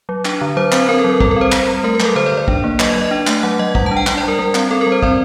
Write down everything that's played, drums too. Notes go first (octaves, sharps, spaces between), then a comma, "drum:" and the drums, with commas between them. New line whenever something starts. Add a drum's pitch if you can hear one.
F#3
D4, drum: clap
D3
F#3 C5
C4 C5, drum: clap
C4 A#4
A4
F#3
A#4
G3 A4, drum: kick
A#4
C4 C5
C4 C5, drum: clap
G3
A3 A#4
A#4
F#3, drum: clap
A4
D3 C5
D5
D3
D5
D4, drum: kick
A#3
F#3 D#5, drum: clap
D5
F#3
D#5
D4
A3, drum: clap
F#3 F#5
F#3 D#5
G3 F#5, drum: kick
A5
D4
G5
D4, drum: clap
D5
G3
A#4
G3 A#4
C4, drum: clap
C4 A4
A#4
G3
C5
C4 D5, drum: kick